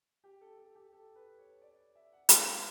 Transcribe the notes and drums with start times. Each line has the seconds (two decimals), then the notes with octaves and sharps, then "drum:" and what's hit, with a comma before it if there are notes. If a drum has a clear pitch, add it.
0.24 G4
0.41 A4
0.58 A4
0.75 G4
0.93 A4
1.16 B4
1.38 C#5
1.62 D5
1.95 E5
2.12 F#5
2.29 drum: hi-hat
2.47 F#5